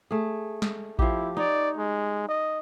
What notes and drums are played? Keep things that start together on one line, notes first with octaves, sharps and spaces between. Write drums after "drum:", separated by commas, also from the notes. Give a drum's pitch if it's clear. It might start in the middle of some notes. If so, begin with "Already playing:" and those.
A3 G#4
drum: snare G#3
F3 E4 G4, drum: kick A1
D#4 C#5 D5
G#3
D#5